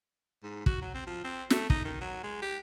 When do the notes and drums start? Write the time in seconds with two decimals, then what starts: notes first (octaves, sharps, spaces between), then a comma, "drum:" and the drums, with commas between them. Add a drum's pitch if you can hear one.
0.43 G#2
0.66 F#4, drum: kick
0.82 F#3
0.94 C4
1.07 F3
1.24 C4
1.50 A3, drum: snare
1.70 D#4, drum: kick
1.85 D#3
2.01 F#3
2.23 G#3
2.42 G4